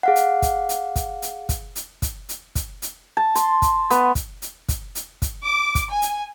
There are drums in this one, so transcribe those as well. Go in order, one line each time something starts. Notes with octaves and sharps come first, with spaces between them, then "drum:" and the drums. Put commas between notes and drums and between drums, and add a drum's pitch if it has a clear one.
G#4 F5 F#5
drum: hi-hat
drum: kick, hi-hat
drum: hi-hat
drum: kick, hi-hat
drum: hi-hat
drum: kick, hi-hat
drum: hi-hat
drum: kick, hi-hat
drum: hi-hat
drum: kick, hi-hat
drum: hi-hat
A5
C6, drum: hi-hat
drum: kick, hi-hat
B3, drum: hi-hat
drum: kick, hi-hat
drum: hi-hat
drum: kick, hi-hat
drum: hi-hat
drum: kick, hi-hat
D6
drum: kick, hi-hat
G#5
drum: hi-hat